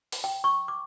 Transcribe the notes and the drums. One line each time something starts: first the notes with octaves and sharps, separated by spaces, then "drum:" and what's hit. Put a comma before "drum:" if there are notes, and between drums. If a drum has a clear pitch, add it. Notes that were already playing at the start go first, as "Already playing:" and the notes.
drum: open hi-hat
G5
C#6
D6